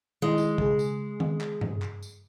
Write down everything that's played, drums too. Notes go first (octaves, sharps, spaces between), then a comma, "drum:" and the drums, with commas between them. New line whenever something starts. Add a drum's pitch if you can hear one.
D#3 G#3 E4 D#5
drum: tambourine
C#3 G#4, drum: kick
drum: tambourine
drum: tom D#3
drum: clap
drum: tom G2
drum: clap
drum: tambourine